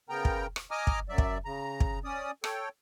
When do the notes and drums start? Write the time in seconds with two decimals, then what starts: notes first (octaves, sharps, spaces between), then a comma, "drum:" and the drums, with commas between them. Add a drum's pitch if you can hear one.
0.09 C#3 B3 A#4 G5 A#5
0.25 drum: kick
0.56 drum: rim click
0.71 D#5 G#5 A#5 D6 D#6 F6
0.87 drum: kick
1.09 F#2 F#3 D5 E5
1.18 drum: kick
1.45 C#3 A#5
1.80 drum: kick
2.04 C#4 D5 D#6
2.44 A4 C#5 G5, drum: rim click